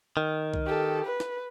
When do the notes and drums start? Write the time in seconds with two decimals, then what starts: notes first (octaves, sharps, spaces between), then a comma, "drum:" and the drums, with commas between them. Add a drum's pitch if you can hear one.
0.17 D#3
0.54 drum: kick C2
0.66 G4 A4
1.06 B4
1.20 drum: snare